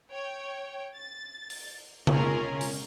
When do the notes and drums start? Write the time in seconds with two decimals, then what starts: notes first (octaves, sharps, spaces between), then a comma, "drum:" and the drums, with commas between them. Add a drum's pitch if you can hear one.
0.12 C#5 G5
0.96 A6
1.50 drum: open hi-hat
2.07 G#3 A#3 C#4 F4 G#4 A#4, drum: tom C#3
2.61 drum: open hi-hat